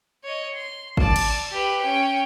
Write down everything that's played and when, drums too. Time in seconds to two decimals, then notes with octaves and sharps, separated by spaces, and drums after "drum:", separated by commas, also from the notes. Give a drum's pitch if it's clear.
0.24 C#5 D#5
0.55 C6
0.97 D5 A5, drum: kick G#1
1.16 drum: cymbal
1.51 G4 B4
1.81 C#4 G5